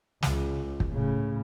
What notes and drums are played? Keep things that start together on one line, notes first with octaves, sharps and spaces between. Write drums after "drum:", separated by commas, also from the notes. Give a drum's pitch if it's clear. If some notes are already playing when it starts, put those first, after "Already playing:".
C#2, drum: snare
drum: kick
A2 C#3